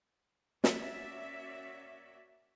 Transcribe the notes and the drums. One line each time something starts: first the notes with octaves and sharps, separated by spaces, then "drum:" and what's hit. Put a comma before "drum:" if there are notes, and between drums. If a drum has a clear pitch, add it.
A#3 C#4 F#4 D5 E5, drum: snare